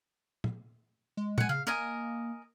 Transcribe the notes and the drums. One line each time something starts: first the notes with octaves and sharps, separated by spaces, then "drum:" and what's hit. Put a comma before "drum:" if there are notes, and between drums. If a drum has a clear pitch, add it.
drum: tom
G#3
F#5 G#5, drum: tom
C#3 F5
A#3 A#4 D#5 G#5